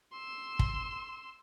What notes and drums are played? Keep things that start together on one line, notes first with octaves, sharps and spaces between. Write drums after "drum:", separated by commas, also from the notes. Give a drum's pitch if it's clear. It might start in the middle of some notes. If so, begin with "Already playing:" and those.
C6 E6
drum: kick